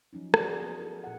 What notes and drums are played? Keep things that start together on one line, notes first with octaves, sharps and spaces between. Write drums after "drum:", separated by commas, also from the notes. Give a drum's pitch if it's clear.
F3 F#3 C#4 D#4
F#4 G#4 B4 D5, drum: rim click
G#4 A#4
B3
E4 A4 A#4
A#2 F#5